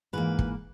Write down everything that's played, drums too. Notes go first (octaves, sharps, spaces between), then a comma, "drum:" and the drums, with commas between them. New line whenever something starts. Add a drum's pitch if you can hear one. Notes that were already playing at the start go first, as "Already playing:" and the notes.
G#2 E3 A#3 B4
drum: kick